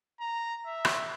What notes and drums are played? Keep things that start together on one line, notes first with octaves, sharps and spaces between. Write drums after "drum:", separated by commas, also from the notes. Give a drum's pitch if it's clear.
A#5
E5
drum: rim click